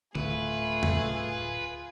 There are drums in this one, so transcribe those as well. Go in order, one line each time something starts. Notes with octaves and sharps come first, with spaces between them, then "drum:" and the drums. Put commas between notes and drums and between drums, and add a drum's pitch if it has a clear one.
D1 G#1 A3 F4 G#4 B4, drum: tom D3
drum: tom E2